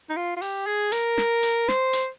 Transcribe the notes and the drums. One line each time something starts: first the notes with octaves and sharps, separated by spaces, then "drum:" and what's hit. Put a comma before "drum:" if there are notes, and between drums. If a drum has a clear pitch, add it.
D#4
F4
F4
G4, drum: open hi-hat
G#4
A#4, drum: hi-hat
drum: snare
drum: hi-hat
C5, drum: snare
drum: hi-hat